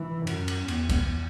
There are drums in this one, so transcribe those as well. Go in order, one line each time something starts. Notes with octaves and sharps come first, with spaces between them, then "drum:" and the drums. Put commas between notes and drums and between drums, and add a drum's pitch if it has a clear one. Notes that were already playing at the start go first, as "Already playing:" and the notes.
Already playing: E3
F#2, drum: cymbal
drum: cymbal
E2, drum: cymbal
drum: kick, cymbal